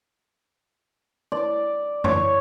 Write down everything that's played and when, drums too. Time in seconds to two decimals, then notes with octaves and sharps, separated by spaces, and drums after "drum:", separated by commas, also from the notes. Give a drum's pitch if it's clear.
1.32 D5
2.04 C#5, drum: tom F#2